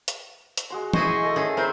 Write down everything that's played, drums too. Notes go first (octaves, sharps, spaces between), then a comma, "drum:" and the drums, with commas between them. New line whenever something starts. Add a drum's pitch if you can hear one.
drum: hi-hat
drum: hi-hat
G#3 F#4 C6
E4 G#4 C5 D#5 C#6, drum: tom E3
A3 A4 A5
D#3 C#4 G#4 E5
C4 E4 A#4 C5